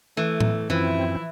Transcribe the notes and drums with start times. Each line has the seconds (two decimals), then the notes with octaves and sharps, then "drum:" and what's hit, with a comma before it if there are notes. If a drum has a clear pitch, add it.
0.17 E3 A3
0.40 drum: tom A2
0.70 F#2 E3 F3 C4 E4